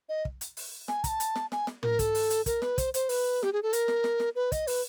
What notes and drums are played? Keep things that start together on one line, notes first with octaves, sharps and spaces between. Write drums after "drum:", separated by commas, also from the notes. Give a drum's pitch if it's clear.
D#5
drum: kick
drum: hi-hat
drum: open hi-hat
G#5, drum: snare
A#5, drum: kick, hi-hat
A5
drum: hi-hat
drum: snare
G#5, drum: snare
drum: snare
A#4, drum: tom
A4, drum: kick, hi-hat
drum: open hi-hat
drum: hi-hat
A#4, drum: kick, hi-hat
B4, drum: snare
C5, drum: kick, hi-hat
C5, drum: hi-hat
B4, drum: open hi-hat
G4, drum: snare
G#4
A4
A#4, drum: hi-hat
drum: snare
drum: snare
drum: snare
B4
D#5, drum: kick, hi-hat
B4, drum: open hi-hat